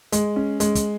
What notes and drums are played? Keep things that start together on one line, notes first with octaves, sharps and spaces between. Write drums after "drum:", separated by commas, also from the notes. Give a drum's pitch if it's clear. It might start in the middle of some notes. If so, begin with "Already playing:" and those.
G#3, drum: hi-hat
C#4
G#3, drum: hi-hat
drum: kick, hi-hat